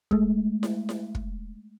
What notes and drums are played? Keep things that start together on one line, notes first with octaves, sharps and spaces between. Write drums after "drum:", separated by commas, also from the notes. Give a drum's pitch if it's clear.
G#3 A3, drum: kick
drum: snare E4
drum: snare E4
drum: kick